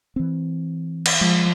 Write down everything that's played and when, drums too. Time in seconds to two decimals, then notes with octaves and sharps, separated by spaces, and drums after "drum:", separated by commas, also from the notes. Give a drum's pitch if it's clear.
0.16 E3 C4
1.06 drum: cymbal
1.21 F3 G#3